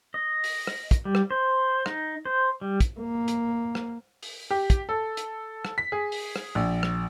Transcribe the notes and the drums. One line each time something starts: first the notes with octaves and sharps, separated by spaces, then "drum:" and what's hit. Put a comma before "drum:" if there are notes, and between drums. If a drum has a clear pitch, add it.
D#5
drum: open hi-hat
drum: rim click
drum: kick, hi-hat
G3
drum: rim click
C5
D#4, drum: rim click
C5
G3
drum: kick, hi-hat
A#3
drum: hi-hat
drum: rim click
drum: open hi-hat
G4
drum: kick, hi-hat
A4
drum: hi-hat
drum: rim click
B6
G#4
drum: open hi-hat
drum: rim click
A#1
drum: rim click